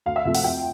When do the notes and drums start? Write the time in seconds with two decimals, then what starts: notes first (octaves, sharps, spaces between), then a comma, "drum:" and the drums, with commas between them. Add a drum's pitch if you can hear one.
0.06 D2 F5
0.16 E5
0.25 C3 F3 A3 F5
0.35 F#5, drum: open hi-hat
0.44 F2 G5